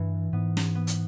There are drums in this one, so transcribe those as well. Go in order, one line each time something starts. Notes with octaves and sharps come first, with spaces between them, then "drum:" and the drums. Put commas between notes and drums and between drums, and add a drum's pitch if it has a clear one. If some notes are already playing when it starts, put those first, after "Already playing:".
Already playing: G2 E3
G#2 B3
drum: snare
B3
drum: hi-hat